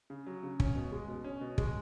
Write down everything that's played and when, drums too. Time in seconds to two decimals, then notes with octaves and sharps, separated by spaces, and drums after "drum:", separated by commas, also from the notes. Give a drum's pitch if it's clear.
0.10 C#3
0.26 F#3
0.43 C#3
0.60 C#4, drum: kick
0.75 B2
0.92 G#3
1.08 B2
1.24 C#4
1.41 B2
1.58 G#3, drum: kick